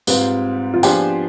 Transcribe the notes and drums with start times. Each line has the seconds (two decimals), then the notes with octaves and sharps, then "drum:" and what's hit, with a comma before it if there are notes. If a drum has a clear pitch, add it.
0.07 G#2 G3 C4 F4 B4, drum: tambourine
0.74 F4
0.83 F3 B3 D4 G4 G#4 C5, drum: tambourine